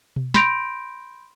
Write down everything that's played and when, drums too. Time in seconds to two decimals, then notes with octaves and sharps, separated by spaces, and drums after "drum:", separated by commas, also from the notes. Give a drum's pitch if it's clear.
0.16 drum: tom B2
0.34 B5 C6 G6 A#6 D7 F7, drum: snare